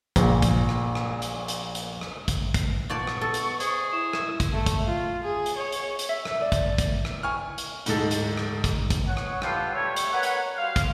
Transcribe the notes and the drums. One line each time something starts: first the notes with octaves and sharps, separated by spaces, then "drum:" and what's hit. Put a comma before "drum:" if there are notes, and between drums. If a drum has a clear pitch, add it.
A#1 A#2, drum: kick, hi-hat
drum: kick, hi-hat
drum: rim click
drum: rim click
drum: hi-hat
drum: hi-hat
drum: hi-hat
drum: rim click
drum: kick, hi-hat
drum: kick, hi-hat
A#2 B3 D5 A5 C#6
drum: rim click
A4
drum: hi-hat
G#4 C5, drum: hi-hat
E4 E7
drum: rim click
drum: kick, hi-hat
A3
drum: kick, hi-hat
F4
G#4
drum: hi-hat
C#5
drum: hi-hat
drum: hi-hat
E5
drum: rim click
D5
drum: kick, hi-hat
drum: kick, hi-hat
drum: rim click
G#5 C#6 F6
drum: hi-hat
D1 G#2 A4, drum: hi-hat
drum: hi-hat
drum: rim click
drum: kick, hi-hat
drum: kick, hi-hat
C#5 F#5
drum: rim click
F4 G4 A4 B4 F#5 G5, drum: rim click
G3 A3 G4 C#5
drum: hi-hat
A#4 B4 C#5 F#5
drum: hi-hat
G3 F#4 C5 F5
drum: kick, hi-hat